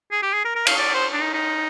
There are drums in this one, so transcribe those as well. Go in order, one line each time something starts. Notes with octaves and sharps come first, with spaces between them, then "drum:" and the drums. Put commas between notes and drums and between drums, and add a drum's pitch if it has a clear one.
G#4
G4
G#4
A#4
A#4
F5, drum: cymbal
D5
C5
D4
D#4
D#4